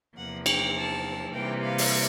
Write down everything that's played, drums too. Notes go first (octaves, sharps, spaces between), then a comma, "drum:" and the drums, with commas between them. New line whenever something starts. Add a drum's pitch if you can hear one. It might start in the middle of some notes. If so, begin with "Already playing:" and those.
E2 C3 F3 A#3 F#5
G5, drum: cymbal
A5
C3 E3 G3 A#3 G5
F5
drum: open hi-hat